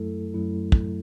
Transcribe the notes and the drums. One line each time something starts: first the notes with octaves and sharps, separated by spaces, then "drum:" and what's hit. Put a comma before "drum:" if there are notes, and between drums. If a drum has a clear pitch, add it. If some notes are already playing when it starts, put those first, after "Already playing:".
Already playing: F#2 F#3 A3 E4 A4
F#2 F#3 A3 E4
drum: kick